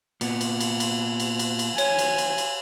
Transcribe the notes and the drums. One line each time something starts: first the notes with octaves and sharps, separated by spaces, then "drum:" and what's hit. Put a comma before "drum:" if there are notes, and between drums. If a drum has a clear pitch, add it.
A#2 B3, drum: cymbal
drum: cymbal
drum: cymbal
drum: cymbal
drum: cymbal
drum: cymbal
drum: cymbal
C#5 G#5, drum: cymbal
drum: cymbal
drum: cymbal
drum: cymbal